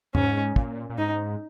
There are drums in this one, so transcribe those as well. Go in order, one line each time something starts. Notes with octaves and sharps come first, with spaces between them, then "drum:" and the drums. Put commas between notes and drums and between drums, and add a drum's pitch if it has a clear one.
G#2 C#4, drum: tom E2
A#2, drum: kick
A#2
G#2 D#4